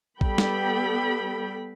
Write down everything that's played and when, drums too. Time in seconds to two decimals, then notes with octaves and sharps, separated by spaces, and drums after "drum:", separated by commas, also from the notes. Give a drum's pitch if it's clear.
0.21 G3 B3 A4 G5 B5, drum: kick
0.38 drum: snare